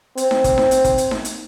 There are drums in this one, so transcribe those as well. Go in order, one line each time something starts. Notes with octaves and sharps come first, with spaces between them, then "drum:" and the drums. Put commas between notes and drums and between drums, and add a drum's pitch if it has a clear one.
C4, drum: hi-hat
drum: snare D#4
drum: kick, hi-hat
drum: snare D#4
drum: hi-hat
drum: kick, hi-hat
drum: hi-hat
drum: snare D#4
drum: hi-hat